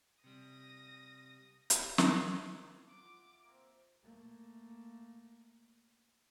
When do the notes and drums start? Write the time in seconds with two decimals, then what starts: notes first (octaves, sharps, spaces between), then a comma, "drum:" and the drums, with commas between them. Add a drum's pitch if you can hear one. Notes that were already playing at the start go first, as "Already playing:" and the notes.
0.24 C3 G3 D#6 A#6
1.70 drum: hi-hat
1.98 C5, drum: snare
2.87 F4 E5 F#5 D6
3.44 A#3 C4
4.03 A3 A#3